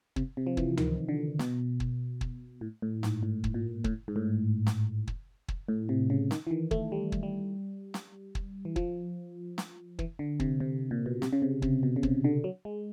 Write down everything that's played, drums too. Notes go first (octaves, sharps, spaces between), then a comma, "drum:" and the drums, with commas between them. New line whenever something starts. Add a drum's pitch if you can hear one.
C3, drum: kick
C3
F3
E3, drum: kick
D#3, drum: tom
D3
B2, drum: snare
drum: kick
drum: kick
A2
A2
G#2, drum: snare
A2
drum: kick
A#2
A2, drum: kick
G#2
A2
drum: snare
drum: kick
drum: kick
A2
C3
C#3
D#3, drum: snare
E3
D#3
A3, drum: kick
G3
drum: kick
G3
drum: snare
drum: kick
E3
F3, drum: kick
drum: snare
E3, drum: kick
D3
C3, drum: kick
C3
A#2
B2
C3, drum: snare
C#3
C3
C3, drum: kick
B2
C#3
C3, drum: kick
D3
F#3
G#3